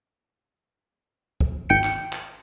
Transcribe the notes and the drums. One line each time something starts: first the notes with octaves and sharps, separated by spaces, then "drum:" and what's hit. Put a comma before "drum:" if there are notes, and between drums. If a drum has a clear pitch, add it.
drum: kick
G#1 G5 C#7
drum: clap
drum: clap